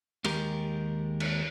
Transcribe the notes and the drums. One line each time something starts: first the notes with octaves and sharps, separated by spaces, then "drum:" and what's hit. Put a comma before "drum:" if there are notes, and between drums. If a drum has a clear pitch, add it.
D#2 G#3 G4 A#4, drum: cymbal
drum: cymbal